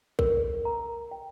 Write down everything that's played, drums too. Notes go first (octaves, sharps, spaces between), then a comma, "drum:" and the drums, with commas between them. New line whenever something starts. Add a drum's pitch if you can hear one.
A#4, drum: kick A#1
A#5
G5